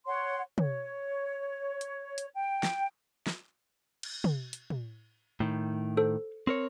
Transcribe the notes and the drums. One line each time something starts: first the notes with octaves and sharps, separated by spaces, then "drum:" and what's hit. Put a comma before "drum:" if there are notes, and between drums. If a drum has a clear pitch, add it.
C#5 F#5 C6
C#5, drum: tom
drum: hi-hat
drum: hi-hat
G5
drum: snare
drum: snare
drum: cymbal
drum: tom
drum: hi-hat
drum: tom
A2 D#3
A4 C5
C4 A#4 C#5